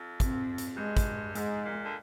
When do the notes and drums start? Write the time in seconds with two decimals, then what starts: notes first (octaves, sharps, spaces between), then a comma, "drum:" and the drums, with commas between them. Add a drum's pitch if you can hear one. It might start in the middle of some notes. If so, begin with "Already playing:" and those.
Already playing: F2
0.20 C4, drum: kick, hi-hat
0.58 drum: hi-hat
0.77 G2 G#3
0.97 drum: kick, hi-hat
1.31 A#2
1.35 G#2 G#3, drum: hi-hat
1.64 A#2
1.82 D3